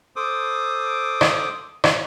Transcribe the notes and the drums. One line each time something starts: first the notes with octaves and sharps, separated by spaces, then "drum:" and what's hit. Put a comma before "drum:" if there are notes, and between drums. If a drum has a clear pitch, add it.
A4 C5 D6 D#6
drum: rim click
drum: rim click